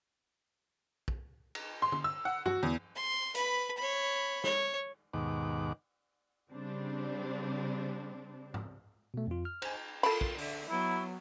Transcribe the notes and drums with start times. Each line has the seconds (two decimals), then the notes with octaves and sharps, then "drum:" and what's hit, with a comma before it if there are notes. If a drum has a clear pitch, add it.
1.08 drum: kick
1.55 drum: cymbal
1.82 C6
1.92 drum: tom
2.04 E6
2.25 F#5
2.46 F#4, drum: tom G2
2.63 E2
2.96 C6
3.35 B4 B5, drum: hi-hat
3.77 C#5 B5
4.44 C#5, drum: snare
5.13 D#2 G#2 B2 D#3 F#5 D6
6.51 C#3 G3 C4 D4
8.54 drum: tom G#2
9.14 B2 A3
9.27 F2 F4
9.45 F6
9.62 C5 G#5, drum: cymbal
10.03 F4 A4 A#4 B5, drum: cymbal
10.21 drum: kick
10.38 D3 E5, drum: open hi-hat
10.69 F#3 B3 E4